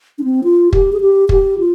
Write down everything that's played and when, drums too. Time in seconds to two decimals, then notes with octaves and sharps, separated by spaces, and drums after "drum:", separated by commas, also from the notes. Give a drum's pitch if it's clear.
0.18 D4
0.24 C4
0.44 F4
0.73 G4, drum: kick
0.93 G#4
1.01 G4
1.29 G4, drum: kick
1.59 F4